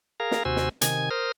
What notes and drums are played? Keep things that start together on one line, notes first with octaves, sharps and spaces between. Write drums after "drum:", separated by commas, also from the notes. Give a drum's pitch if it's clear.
G#4 A#4 F5 A#5
drum: snare
D#2 C3 F#4 C5 G#5 E6
drum: snare
C3 D#3 G#5 G#6, drum: hi-hat
A#4 C5 D#6 F6